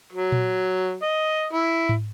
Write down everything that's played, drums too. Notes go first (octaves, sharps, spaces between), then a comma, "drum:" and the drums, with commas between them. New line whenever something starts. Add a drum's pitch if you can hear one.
F#3
drum: tom A#2
D#5
E4
drum: tom G#2